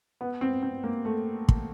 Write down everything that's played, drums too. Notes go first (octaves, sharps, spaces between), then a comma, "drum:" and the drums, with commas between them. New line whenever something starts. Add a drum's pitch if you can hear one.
B3
C4
C4
A#3
A3
drum: kick